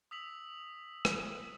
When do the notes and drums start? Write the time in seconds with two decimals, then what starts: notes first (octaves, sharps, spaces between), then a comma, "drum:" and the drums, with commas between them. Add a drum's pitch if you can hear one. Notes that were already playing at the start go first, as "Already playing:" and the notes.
0.11 D#6 E6 B6 F7 F#7
1.05 drum: rim click